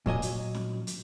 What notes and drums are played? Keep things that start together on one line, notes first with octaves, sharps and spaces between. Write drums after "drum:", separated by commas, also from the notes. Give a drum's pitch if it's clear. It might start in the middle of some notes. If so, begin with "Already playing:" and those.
A#2 F#3 D#5 G#5, drum: kick
drum: hi-hat
drum: snare
drum: hi-hat